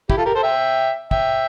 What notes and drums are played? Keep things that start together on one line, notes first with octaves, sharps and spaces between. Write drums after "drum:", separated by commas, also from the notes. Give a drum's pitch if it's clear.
E4 G4, drum: kick
F4 A4
G4 A#4
A4 C5
E5 G5
E5 G5, drum: kick